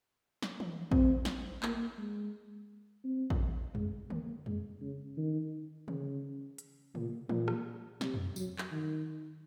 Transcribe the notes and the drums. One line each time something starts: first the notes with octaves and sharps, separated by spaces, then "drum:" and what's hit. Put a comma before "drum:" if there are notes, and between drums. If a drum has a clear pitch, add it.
drum: snare
drum: tom E3
C4, drum: kick
drum: snare
A#3, drum: clap
G#3
C4
drum: kick
G#3, drum: tom F2
A#3, drum: tom D3
G#3, drum: tom F2
C#3
D#3
C#3, drum: tom D3
drum: hi-hat
A#2, drum: tom C3
A#2, drum: tom E3
drum: rim click
C3, drum: snare
drum: tom F2
F#3, drum: tambourine
drum: clap
D#3